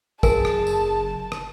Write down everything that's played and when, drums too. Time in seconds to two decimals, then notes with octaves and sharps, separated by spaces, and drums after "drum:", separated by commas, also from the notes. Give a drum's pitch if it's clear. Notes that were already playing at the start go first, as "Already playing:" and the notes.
0.23 F#1 G#4 A#4 G#5 A5, drum: kick, tambourine
0.45 drum: rim click
0.67 drum: tambourine
1.32 drum: rim click